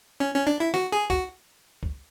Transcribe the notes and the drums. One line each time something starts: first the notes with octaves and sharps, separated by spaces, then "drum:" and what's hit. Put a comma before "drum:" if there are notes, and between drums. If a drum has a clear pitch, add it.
C#4
C#4
D4
E4
F#4, drum: snare
G#4
F#4, drum: kick
drum: kick